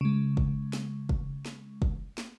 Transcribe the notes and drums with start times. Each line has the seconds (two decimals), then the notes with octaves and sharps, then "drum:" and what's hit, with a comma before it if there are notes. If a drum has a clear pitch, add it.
0.01 C#3 G#3
0.37 drum: kick
0.73 drum: snare
1.09 drum: kick
1.46 drum: snare
1.82 drum: kick
2.18 drum: snare